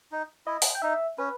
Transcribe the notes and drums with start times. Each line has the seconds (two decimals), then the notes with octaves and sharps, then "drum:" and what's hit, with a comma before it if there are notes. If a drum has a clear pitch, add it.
0.12 D#4
0.46 E4 D#5
0.62 drum: open hi-hat
0.75 G5
0.82 D#4 E5
1.18 C#4 B4